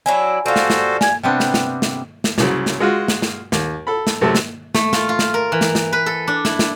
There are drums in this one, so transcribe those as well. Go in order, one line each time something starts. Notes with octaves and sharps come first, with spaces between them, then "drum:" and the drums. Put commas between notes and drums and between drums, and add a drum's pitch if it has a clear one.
F#3 D4 E4 G#5
G3 F4 F#4 A4 C5
drum: snare
drum: snare
G#5 G#6, drum: snare
C3 G3 B3 C4 D4
drum: snare
drum: snare
drum: snare
drum: snare
C2 C#3 F#3, drum: snare
drum: snare
G#3 F4 F#4
drum: snare
drum: snare
D#2, drum: snare
A4 B5
drum: snare
F#2 C3 A3 A5
drum: snare
A3, drum: snare
F4, drum: snare
F4
drum: snare
A#4
E3
drum: snare
drum: snare
B4
A4
D4
E4, drum: snare
drum: snare